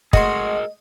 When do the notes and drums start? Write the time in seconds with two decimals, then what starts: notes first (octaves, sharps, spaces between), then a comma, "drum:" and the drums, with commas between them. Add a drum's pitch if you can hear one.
0.13 G#3 A3 F#4 G#4 A#4 D#5 C6, drum: kick